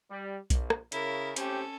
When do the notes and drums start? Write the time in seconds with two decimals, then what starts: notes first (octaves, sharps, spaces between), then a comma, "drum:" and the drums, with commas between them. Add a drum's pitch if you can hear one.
0.10 G3
0.50 A#1, drum: kick B1, hi-hat
0.70 drum: rim click
0.92 C#3 E4 A#4, drum: hi-hat
1.36 A2 C4 C#4 G4 A4, drum: hi-hat